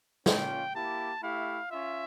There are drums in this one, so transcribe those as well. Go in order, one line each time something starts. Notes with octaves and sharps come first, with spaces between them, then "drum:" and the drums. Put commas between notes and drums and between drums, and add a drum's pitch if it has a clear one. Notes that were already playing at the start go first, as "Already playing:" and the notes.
A#3 C#4 F4 G5, drum: snare
A#3 E4 G4 A5
A3 E4 G4 F5
C#4 F4 E5